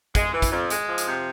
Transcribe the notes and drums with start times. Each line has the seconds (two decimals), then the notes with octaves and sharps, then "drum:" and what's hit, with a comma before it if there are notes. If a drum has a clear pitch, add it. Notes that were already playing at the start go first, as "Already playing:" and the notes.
0.15 G#3, drum: kick, hi-hat
0.33 E3
0.42 drum: kick, hi-hat
0.51 F2
0.70 G#3, drum: hi-hat
0.88 F3
0.98 drum: hi-hat
1.07 C3